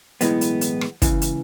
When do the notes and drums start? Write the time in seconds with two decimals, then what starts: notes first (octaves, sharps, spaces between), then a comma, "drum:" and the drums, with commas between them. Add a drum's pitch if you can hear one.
0.21 B1 A2 E3 G#3 B3, drum: hi-hat
0.41 drum: hi-hat
0.61 drum: hi-hat
0.81 drum: rim click
1.02 C#2 C#3 E3, drum: kick, hi-hat
1.22 drum: hi-hat